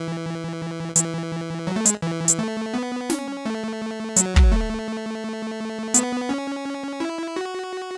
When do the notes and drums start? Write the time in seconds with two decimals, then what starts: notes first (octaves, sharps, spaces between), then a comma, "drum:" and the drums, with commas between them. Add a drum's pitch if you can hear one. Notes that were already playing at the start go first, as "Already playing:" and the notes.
Already playing: E3
0.96 E3, drum: hi-hat
1.67 F#3
1.76 A3
1.85 G#3, drum: hi-hat
2.02 E3
2.28 drum: hi-hat
2.39 A3
2.74 B3
3.10 C#4, drum: snare
3.46 A3
4.16 F#3, drum: hi-hat
4.36 drum: kick
4.52 A3
5.94 B3, drum: hi-hat
6.29 C#4
7.00 E4
7.36 F#4